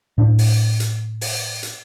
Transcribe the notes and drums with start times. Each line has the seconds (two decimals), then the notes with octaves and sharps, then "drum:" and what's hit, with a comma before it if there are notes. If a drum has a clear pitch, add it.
0.18 A2 D4
0.38 drum: open hi-hat
0.80 drum: hi-hat
1.21 drum: open hi-hat
1.63 drum: hi-hat